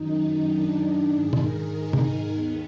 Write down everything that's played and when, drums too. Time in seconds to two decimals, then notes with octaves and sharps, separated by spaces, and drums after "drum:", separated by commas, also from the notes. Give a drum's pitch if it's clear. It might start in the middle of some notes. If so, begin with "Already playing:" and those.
Already playing: F#2 D#3 D#4
0.52 D4
1.13 G#2 D#3 G#4
1.33 drum: tom
1.43 A#4
1.73 D#4
1.93 drum: tom C3
2.33 D#2 D#3 B3